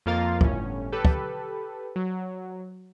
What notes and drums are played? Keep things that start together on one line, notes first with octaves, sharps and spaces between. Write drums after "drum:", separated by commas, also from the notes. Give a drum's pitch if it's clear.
F2 A#3 F4 A#4 F5 A6
G1 A2 C#4, drum: kick
G4 A4 B4
drum: kick
F#3